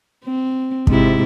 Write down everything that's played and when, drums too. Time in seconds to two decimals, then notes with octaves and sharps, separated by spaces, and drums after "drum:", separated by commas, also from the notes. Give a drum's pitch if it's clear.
0.25 C4
0.87 G#2 C3 E4, drum: kick